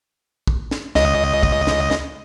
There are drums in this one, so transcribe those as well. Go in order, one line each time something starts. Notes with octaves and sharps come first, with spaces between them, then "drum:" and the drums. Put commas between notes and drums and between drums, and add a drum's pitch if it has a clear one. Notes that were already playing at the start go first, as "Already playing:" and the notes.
drum: kick
drum: snare
C#2 D#5, drum: snare
drum: kick
drum: snare
drum: snare